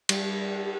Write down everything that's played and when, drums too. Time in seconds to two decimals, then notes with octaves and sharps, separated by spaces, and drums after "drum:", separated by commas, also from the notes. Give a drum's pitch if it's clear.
0.09 G3, drum: cymbal